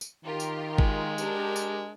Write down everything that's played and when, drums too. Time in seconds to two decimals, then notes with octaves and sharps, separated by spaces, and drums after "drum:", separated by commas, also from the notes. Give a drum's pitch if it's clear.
0.01 drum: tambourine
0.25 D#3 F4 G4 A#4
0.40 drum: tambourine
0.78 G#3, drum: kick G#1
1.18 D4 G4 A#4, drum: tambourine
1.56 drum: tambourine